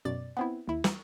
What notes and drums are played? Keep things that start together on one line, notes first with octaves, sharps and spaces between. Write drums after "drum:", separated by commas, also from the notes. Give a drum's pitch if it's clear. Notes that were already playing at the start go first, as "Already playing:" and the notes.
F#2 B2 D5 A6
B3 C4 E4
D#2 E4
C#6, drum: snare